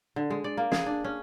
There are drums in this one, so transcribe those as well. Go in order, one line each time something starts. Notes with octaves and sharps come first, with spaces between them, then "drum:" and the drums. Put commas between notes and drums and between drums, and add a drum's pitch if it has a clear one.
D3
G#3
D5
A#3
G#4, drum: snare
D4
C#4